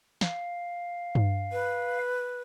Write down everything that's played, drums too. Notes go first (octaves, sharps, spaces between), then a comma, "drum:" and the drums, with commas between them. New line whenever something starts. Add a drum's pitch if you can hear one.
F5, drum: snare
drum: tom G2
B4